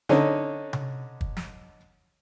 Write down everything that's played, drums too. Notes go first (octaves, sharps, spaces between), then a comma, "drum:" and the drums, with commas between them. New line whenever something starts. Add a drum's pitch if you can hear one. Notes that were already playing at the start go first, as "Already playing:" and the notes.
D3 C#4 D#4, drum: snare
drum: tom C3
drum: kick
drum: snare